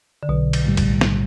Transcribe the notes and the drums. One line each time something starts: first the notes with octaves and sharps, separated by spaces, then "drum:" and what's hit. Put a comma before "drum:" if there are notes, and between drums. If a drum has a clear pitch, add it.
D3
B1 B2
drum: cymbal
A2 G3
drum: kick, cymbal
drum: snare